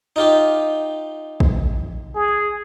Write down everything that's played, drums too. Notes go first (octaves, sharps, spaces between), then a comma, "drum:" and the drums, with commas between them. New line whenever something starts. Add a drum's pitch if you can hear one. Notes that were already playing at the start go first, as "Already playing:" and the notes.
D#4 F4 G4
drum: kick A#1
G#4